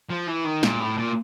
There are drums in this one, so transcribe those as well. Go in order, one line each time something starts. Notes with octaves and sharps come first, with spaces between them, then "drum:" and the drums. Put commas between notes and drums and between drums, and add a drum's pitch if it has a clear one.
F3
E3
D#3
A#2, drum: snare
A2
A#2